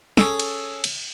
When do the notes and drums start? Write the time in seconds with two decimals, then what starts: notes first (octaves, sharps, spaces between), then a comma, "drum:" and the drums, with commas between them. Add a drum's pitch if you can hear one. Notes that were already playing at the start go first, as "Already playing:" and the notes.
0.17 C#4 G#4 A4, drum: snare
0.39 drum: cymbal
0.84 drum: cymbal